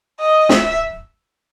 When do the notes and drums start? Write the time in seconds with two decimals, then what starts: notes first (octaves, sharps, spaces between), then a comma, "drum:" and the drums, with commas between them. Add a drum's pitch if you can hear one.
0.20 D#5
0.49 E5, drum: snare